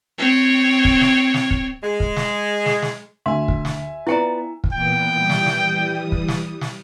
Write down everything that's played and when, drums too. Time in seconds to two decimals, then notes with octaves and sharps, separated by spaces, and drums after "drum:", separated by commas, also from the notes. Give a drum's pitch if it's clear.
0.18 C4 C#5
0.85 drum: kick
1.01 drum: snare
1.34 drum: snare
1.51 drum: kick
1.84 G#3
2.00 drum: kick
2.16 drum: snare
2.66 drum: snare
2.82 drum: snare
3.26 D2 E5 G#5 C6
3.48 drum: kick
3.65 drum: snare
4.07 B3 E4 F4 B4 D5 G5 A#5
4.64 drum: kick
4.73 A#2 E3 B3 G5
5.17 E3 G3 D#6
5.30 drum: snare
5.46 drum: snare
6.12 drum: kick
6.28 drum: snare
6.61 drum: snare